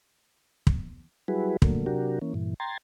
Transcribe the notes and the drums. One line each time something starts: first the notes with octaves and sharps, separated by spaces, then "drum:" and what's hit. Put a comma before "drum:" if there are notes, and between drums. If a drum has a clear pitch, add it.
drum: kick
F#3 G3 E4 F#4 G#4 B4
A#2 D3 F#3 A3 A#3, drum: kick
C3 F#3 D4 F#4 G4 A#4
E3 A#3 C#4
G2 A#2 E3
G5 A#5 C6 G#6 A6